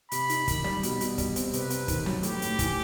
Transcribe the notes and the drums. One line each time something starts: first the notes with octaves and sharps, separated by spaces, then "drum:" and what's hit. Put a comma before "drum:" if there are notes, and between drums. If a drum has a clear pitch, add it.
C3 B5, drum: hi-hat
D#4, drum: hi-hat
D#3, drum: kick, hi-hat
G3, drum: snare
B2, drum: hi-hat
B2, drum: hi-hat
G3, drum: kick, hi-hat
C4, drum: hi-hat
C3 B4, drum: hi-hat
C4, drum: hi-hat
D#3, drum: kick, hi-hat
F#3, drum: snare
A2 G4, drum: hi-hat
A2, drum: hi-hat
E3, drum: kick, hi-hat